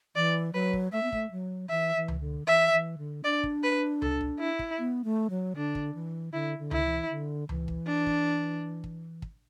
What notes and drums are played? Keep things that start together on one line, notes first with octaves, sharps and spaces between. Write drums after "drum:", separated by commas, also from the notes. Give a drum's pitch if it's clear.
E3 D5
F#3 B4
drum: kick
A3 E5
B3
A3, drum: kick
F#3
E3 E5
E3
drum: tom C#2
D3
E3 E5
E3
D3
D4 D5
drum: kick
B4
A4, drum: tom C#2
drum: kick
E4
drum: kick
B3
A3
F#3
D3 D4
drum: kick
E3
D3 E4
D3
E4, drum: tom C#2
E3
D3
E3, drum: tom C#2
drum: kick
D4
drum: kick
drum: kick
drum: kick